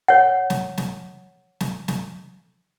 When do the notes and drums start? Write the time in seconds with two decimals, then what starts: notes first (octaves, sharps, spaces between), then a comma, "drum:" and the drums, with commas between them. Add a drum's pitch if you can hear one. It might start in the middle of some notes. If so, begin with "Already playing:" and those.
0.08 C#5 F#5
0.50 drum: snare
0.78 drum: snare
1.60 drum: snare
1.88 drum: snare